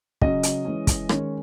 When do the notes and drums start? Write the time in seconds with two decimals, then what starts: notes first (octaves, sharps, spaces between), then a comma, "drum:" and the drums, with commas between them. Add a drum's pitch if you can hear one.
0.22 C#3 F#3 C#4 D#5, drum: kick
0.43 drum: hi-hat
0.65 E3 G#3 C#4
0.87 drum: kick, hi-hat
1.09 D#3 G#3 C#4 C#5, drum: rim click